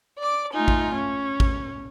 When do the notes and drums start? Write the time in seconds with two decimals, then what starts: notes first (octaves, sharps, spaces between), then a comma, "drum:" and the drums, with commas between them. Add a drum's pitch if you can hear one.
0.18 D5 D6
0.52 A3 D#4 F4 G#5
0.68 drum: kick A1
0.95 C#4
1.40 drum: kick A1